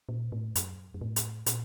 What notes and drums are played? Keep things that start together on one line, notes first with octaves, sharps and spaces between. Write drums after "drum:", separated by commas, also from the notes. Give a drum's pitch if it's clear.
A#2
A2
F#2, drum: hi-hat
F#2
A2
drum: hi-hat
A#2, drum: hi-hat